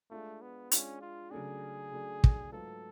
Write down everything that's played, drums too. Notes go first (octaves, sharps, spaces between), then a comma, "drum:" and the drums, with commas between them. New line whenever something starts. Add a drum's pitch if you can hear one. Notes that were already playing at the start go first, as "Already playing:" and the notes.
G#3 A3 D4 F4
B3
G#3 C#4 D4 F4, drum: hi-hat
F4
C#3 F#3 A3 D4 G#4
C#3 F#3 A3 D4
drum: kick
G#2 F#3 A3 F4 A4 B4